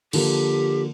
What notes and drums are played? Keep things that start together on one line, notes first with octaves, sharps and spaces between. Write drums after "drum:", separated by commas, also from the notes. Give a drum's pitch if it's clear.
D3 F3 A#3 G4, drum: cymbal